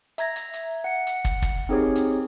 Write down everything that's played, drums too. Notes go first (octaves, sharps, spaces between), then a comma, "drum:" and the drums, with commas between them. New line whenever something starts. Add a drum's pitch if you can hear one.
E5 A#5 G#6 A#6, drum: hi-hat
drum: hi-hat
drum: hi-hat
F#5 C#7
drum: hi-hat
drum: kick, hi-hat
drum: kick, hi-hat
C4 D#4 G4 G#4 A#4 C#5
drum: hi-hat